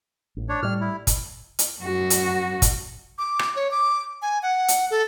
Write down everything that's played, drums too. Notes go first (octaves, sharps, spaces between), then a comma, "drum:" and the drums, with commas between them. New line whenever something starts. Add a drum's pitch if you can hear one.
A1
D4 C#5
A2 G3 F6
E4
drum: kick, hi-hat
drum: hi-hat
F#2 F#4
drum: hi-hat
drum: kick, hi-hat
D6
drum: rim click
C#5
D6
G#5
F#5
drum: hi-hat
A4